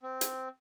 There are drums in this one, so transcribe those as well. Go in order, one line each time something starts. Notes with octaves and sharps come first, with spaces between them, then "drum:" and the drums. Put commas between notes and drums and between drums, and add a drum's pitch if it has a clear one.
C4
drum: hi-hat